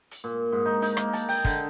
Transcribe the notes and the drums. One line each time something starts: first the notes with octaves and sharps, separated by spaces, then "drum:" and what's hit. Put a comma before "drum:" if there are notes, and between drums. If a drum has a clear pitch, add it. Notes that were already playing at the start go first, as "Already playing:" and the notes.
drum: hi-hat
A#2
G#2
D#4
D#4, drum: hi-hat
A#3, drum: rim click
A5, drum: hi-hat
G5, drum: open hi-hat
D3, drum: kick, hi-hat